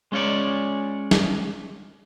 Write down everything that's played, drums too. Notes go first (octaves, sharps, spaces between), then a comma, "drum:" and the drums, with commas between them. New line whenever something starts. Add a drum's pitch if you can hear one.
G#3 C#4 F4 C#5 D5
drum: snare